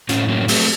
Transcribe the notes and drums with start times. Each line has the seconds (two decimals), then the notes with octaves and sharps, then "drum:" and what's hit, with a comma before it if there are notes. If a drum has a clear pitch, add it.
0.09 A2 C#4 F4, drum: hi-hat
0.28 F#3 A#3 C#4
0.48 F#3 A3 C4, drum: open hi-hat